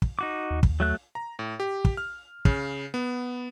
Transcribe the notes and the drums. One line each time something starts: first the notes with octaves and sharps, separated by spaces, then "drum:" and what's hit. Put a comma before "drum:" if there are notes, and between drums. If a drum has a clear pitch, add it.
drum: kick
D#4 F#4 D6
D#2
drum: kick
F#3 A3 F#6
A#5
A2
G4
drum: kick
F6
C#3, drum: kick
B3